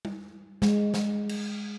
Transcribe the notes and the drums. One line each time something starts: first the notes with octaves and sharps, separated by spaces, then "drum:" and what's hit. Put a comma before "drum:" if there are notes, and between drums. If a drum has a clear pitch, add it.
drum: tom G3
G#3, drum: snare
drum: snare
drum: cymbal